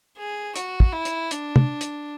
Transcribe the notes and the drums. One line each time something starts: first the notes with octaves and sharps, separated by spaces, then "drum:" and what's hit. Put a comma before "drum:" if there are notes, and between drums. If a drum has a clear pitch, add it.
G#4
F#4, drum: hi-hat
drum: kick
E4
drum: hi-hat
D4, drum: hi-hat
drum: tom
drum: hi-hat